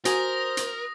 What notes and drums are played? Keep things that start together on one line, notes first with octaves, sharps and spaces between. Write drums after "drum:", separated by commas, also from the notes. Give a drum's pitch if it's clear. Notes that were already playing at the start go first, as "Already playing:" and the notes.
F#4 A#4 C5 G#5 D#6 A#6, drum: hi-hat
drum: hi-hat